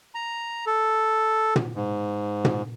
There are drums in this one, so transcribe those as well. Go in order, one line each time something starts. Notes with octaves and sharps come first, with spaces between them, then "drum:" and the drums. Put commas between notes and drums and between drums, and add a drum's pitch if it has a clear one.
A#5
A4
drum: tom
G#2
drum: tom